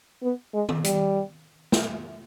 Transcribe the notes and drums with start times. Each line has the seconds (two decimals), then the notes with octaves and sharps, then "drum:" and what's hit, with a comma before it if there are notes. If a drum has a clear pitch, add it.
0.23 B3
0.53 G#3
0.69 drum: tom
0.84 G3, drum: hi-hat
1.72 drum: snare